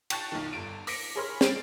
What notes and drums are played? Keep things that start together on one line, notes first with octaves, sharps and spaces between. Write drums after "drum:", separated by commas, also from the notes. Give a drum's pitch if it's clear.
G5 A5 C#6 F#6 A6, drum: cymbal
B1 D#3
G1 A5 D7
D6 A#6 B6 C#7 D7, drum: open hi-hat
G#4 A#4 C#5 B5 C6 F6
A6 C7 D7, drum: snare